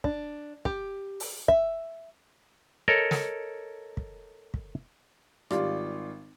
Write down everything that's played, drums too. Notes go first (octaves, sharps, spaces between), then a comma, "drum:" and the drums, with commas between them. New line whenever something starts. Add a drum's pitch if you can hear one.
D4, drum: kick
G4, drum: kick
drum: open hi-hat
E5, drum: kick
A4 A#4 C#5 D#5
drum: snare
drum: kick
drum: kick
G#1 G3 F4 D5, drum: rim click